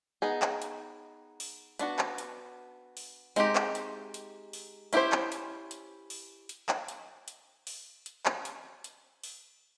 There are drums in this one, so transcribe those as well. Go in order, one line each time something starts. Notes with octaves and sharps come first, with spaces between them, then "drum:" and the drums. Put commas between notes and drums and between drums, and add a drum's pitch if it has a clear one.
B3 D#4 G#4
drum: clap
drum: hi-hat
drum: open hi-hat
B3 D4 F#4, drum: hi-hat
drum: clap
drum: hi-hat
drum: open hi-hat
G#3 C4 D#4 G4, drum: hi-hat
drum: clap
drum: hi-hat
drum: hi-hat
drum: open hi-hat
C#4 E4 G4 C5, drum: hi-hat
drum: clap
drum: hi-hat
drum: hi-hat
drum: open hi-hat
drum: hi-hat
drum: clap
drum: hi-hat
drum: hi-hat
drum: open hi-hat
drum: hi-hat
drum: clap
drum: hi-hat
drum: hi-hat
drum: open hi-hat